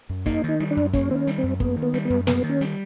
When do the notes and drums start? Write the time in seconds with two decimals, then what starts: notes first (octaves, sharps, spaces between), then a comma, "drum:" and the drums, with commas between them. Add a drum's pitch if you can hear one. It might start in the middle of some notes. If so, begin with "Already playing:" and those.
0.10 F#2
0.26 A#3 D#4, drum: kick, hi-hat
0.44 D#3 D#4
0.60 G3
0.71 D4
0.77 F#2
0.93 A#3 C#4, drum: kick, hi-hat
1.10 D#3 C4
1.15 C#4
1.27 G3, drum: hi-hat
1.38 F#2 C4
1.60 A#3 B3, drum: kick
1.77 D#3
1.82 B3
1.94 G3, drum: hi-hat
2.05 F#2 B3
2.27 A#3 B3, drum: snare
2.43 D#3
2.49 C#4
2.61 G3, drum: hi-hat